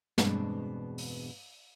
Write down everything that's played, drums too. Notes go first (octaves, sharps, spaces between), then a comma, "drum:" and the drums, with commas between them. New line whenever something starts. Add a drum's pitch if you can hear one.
E2 G2 B2 G#3 C4 D4, drum: snare
drum: open hi-hat